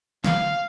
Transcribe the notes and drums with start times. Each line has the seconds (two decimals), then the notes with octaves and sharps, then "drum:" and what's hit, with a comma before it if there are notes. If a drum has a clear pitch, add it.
0.24 F5, drum: snare